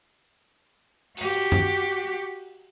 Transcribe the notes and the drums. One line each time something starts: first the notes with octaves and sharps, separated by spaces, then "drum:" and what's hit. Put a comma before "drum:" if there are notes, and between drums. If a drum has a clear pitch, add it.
F#4 G4, drum: open hi-hat
drum: tom F#2